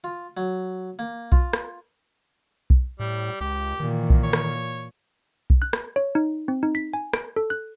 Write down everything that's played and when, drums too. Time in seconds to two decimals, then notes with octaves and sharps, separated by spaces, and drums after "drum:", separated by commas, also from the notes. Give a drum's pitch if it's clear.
0.04 F4
0.37 F#3
0.99 A#3
1.32 F4, drum: kick B1
1.53 drum: rim click
2.70 drum: kick B1
3.00 A2 G3
3.41 C#2 G4
3.80 A#2 D#3 E3
4.10 drum: kick B1
4.23 C#5
4.33 drum: rim click
5.50 drum: kick B1
5.62 F#6
5.73 drum: rim click
5.96 C#5
6.15 D#4
6.48 C4
6.63 D#4
6.75 B6
6.94 G#5
7.13 D7, drum: rim click
7.36 A4
7.50 F#6